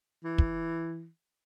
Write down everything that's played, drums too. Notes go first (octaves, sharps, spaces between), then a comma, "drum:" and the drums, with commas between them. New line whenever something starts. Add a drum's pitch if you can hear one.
E3
drum: kick